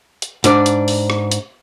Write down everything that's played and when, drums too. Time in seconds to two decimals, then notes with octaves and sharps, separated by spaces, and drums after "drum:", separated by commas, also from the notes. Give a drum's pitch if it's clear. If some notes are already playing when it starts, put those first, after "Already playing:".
0.22 drum: hi-hat
0.44 G#2 D4 D5, drum: hi-hat
0.66 drum: hi-hat
0.88 drum: open hi-hat
1.10 drum: rim click
1.32 drum: hi-hat